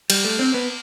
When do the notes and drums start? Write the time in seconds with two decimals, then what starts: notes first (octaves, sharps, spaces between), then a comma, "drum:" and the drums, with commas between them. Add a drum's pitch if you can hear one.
0.10 G3, drum: cymbal
0.25 A3
0.39 C4
0.54 B3